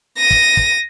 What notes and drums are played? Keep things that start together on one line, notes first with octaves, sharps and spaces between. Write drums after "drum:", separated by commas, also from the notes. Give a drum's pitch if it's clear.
A#6 D#7
drum: kick
drum: kick